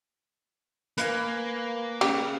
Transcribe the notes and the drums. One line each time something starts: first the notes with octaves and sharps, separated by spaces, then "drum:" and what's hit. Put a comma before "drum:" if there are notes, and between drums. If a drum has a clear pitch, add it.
A#3 B4 F5 G#5, drum: hi-hat
C#3 G4, drum: cymbal